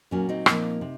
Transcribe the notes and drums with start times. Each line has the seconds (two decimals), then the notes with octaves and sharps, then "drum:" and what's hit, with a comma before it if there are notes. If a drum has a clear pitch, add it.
0.11 A#2 F#3 A#3 C#4
0.29 C4 D#4
0.46 A#2 F3 A#3, drum: rim click
0.81 C3